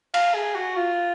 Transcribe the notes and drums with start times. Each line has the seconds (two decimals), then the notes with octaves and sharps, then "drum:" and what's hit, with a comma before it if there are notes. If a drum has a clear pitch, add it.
0.14 F5, drum: cymbal
0.34 G#4
0.55 F#4
0.76 F4